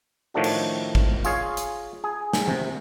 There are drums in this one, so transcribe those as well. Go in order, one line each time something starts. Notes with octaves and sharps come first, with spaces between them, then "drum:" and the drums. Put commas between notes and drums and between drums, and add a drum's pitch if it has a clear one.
A2 D#3 F3 A3 D4 F#4
drum: cymbal
drum: kick
F4 G#4 C#5 F5, drum: tambourine
drum: hi-hat
G#4
G#5, drum: snare
C3, drum: tom E3